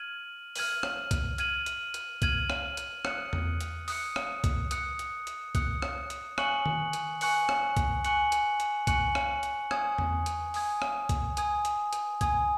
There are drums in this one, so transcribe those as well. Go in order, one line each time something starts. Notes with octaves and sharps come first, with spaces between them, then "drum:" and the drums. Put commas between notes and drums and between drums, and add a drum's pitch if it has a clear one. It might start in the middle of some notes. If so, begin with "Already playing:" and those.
Already playing: F6 G#6 D#7 F#7
F6 G#6 D#7 F#7, drum: open hi-hat
drum: rim click
drum: kick C2, hi-hat
F6 G#6 D#7 F#7, drum: hi-hat
drum: hi-hat
drum: hi-hat
F6 G#6 D#7 F#7, drum: kick C2, hi-hat
drum: rim click
drum: hi-hat
D#6 F#6 C#7, drum: rim click
drum: tom E2
drum: hi-hat
D#6 F#6 C#7, drum: open hi-hat
drum: rim click
drum: kick C2, hi-hat
D#6 F#6 C#7, drum: hi-hat
drum: hi-hat
drum: hi-hat
D#6 F#6 C#7, drum: kick C2, hi-hat
drum: rim click
drum: hi-hat
G#5 C#6 F#6 C#7 F#7, drum: rim click
drum: tom D#3
drum: hi-hat
G#5 C#6 F#6 C#7 F#7, drum: open hi-hat
drum: rim click
drum: kick C2, hi-hat
G#5 C#6 F#6 C#7 F#7, drum: hi-hat
drum: hi-hat
drum: hi-hat
G#5 C#6 F#6 C#7 F#7, drum: kick C2, hi-hat
drum: rim click
drum: hi-hat
G#5 D#6 G#6, drum: rim click
drum: tom E2
drum: hi-hat
G#5 D#6 G#6, drum: open hi-hat
drum: rim click
drum: kick C2, hi-hat
G#5 D#6 G#6, drum: hi-hat
drum: hi-hat
drum: hi-hat
G#5 D#6 G#6, drum: kick C2, hi-hat